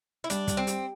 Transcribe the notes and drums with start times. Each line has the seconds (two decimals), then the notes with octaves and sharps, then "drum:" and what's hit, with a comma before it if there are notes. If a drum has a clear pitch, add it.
0.24 E4
0.30 G3 D4, drum: hi-hat
0.47 G3, drum: kick, hi-hat
0.57 C4
0.67 G4, drum: hi-hat